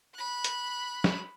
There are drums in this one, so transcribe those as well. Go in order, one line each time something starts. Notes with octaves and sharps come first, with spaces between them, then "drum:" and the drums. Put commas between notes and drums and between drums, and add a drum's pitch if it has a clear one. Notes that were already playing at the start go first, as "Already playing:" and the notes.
B5 F#6
drum: hi-hat
drum: snare